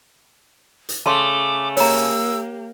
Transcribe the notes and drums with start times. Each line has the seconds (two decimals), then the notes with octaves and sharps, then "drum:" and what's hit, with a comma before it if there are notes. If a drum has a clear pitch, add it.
0.89 drum: hi-hat
1.06 C#3 A3 A5 C6 D6
1.77 A#3 G4 C#5 A#5 E6, drum: open hi-hat